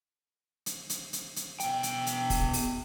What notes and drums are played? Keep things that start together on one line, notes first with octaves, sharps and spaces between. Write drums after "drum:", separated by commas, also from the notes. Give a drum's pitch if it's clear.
drum: hi-hat
drum: hi-hat
drum: hi-hat
drum: hi-hat
B2 G5, drum: hi-hat
drum: hi-hat
drum: hi-hat
drum: kick, open hi-hat
drum: open hi-hat